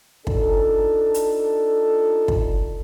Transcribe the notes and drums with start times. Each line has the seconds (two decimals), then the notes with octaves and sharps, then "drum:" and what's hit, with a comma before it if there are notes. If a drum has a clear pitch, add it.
0.27 D4 D#4 F4 A4, drum: kick
1.14 drum: hi-hat
2.28 drum: kick